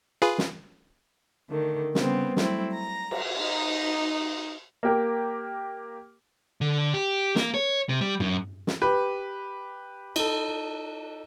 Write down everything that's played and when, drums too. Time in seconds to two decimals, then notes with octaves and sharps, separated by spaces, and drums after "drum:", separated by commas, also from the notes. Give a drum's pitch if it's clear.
0.22 F4 G#4 B4
0.38 drum: snare
1.49 D3 D#3 A3
1.95 C#3 G3 B3 C4, drum: snare
2.37 F#3 G3 A3 C4 E4, drum: snare
2.73 A#5 A#6
3.11 drum: cymbal
3.39 D#4
4.83 A#3 G4 A#4
6.61 D3
6.94 G4
7.36 A#3, drum: snare
7.54 C#5
7.89 C3
8.01 G3
8.20 F#2, drum: tom G2
8.67 drum: snare
8.82 G4 B4
10.16 D#4 A4, drum: cymbal